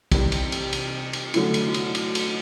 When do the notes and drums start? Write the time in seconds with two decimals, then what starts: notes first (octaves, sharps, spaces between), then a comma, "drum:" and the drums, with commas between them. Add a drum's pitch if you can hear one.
0.12 C3 E3 G3, drum: kick, cymbal
0.32 drum: cymbal
0.52 drum: cymbal
0.73 drum: cymbal
1.13 drum: cymbal
1.34 D3 F#3 A3 E4, drum: cymbal
1.54 drum: cymbal
1.74 drum: cymbal
1.95 drum: cymbal
2.15 drum: cymbal